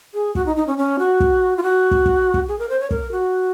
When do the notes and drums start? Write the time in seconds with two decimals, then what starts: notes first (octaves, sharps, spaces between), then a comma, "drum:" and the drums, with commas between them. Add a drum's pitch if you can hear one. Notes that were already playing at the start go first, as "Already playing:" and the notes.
0.14 G#4
0.35 F#4, drum: kick
0.46 D#4
0.56 D#4
0.67 C#4
0.78 C#4
0.99 F#4
1.20 drum: kick
1.57 F4
1.63 F#4
1.91 drum: kick
2.06 drum: kick
2.34 drum: kick
2.48 G#4
2.59 A#4
2.69 C5
2.80 C#5
2.91 A#4, drum: kick
3.12 F#4